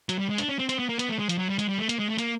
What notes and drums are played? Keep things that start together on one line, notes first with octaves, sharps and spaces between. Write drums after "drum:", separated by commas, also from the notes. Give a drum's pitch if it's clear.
F#3, drum: hi-hat
G3
G#3
D4, drum: hi-hat
C#4
C4
C4, drum: hi-hat
B3
A#3
B3, drum: hi-hat
A3
G#3
F3, drum: hi-hat
F#3
G3
G#3, drum: hi-hat
G3
A3
A#3, drum: hi-hat
G#3
A3
A#3, drum: hi-hat